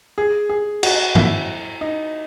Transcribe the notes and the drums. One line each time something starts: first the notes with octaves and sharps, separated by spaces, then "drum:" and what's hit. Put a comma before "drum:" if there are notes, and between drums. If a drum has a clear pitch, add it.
G#4
G#4
F#4, drum: cymbal
E4, drum: tom G2
D#4